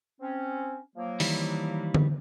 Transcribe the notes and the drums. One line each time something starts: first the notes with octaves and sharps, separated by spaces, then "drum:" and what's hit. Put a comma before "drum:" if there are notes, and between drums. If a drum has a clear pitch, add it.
C4 C#4
F3 F#3 A#3
D#3 E3 G3, drum: open hi-hat
drum: tom D3